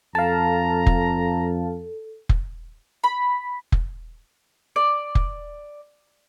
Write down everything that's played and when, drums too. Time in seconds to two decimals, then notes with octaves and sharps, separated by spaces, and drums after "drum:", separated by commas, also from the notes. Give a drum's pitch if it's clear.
0.15 F2 A4 F5 A5 A#5
0.86 drum: kick F1
2.29 drum: kick F1
3.04 B5
3.72 drum: kick F1
4.76 D5
5.15 drum: kick F1